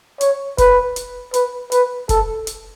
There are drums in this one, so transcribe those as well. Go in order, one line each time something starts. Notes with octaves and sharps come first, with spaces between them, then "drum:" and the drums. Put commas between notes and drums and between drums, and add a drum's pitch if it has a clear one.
C#5, drum: hi-hat
B4, drum: kick, hi-hat
drum: hi-hat
B4, drum: hi-hat
B4, drum: hi-hat
A4, drum: kick, hi-hat
drum: hi-hat